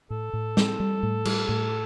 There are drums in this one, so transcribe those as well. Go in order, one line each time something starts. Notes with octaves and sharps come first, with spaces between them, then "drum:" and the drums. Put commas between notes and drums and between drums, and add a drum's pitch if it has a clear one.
A2 A4
A2
C4, drum: snare
G3
A2
G3, drum: cymbal
A2